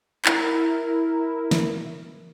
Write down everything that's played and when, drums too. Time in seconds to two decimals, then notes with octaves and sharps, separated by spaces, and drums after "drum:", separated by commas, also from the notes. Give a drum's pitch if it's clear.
0.25 E4 A#4, drum: clap
1.51 drum: snare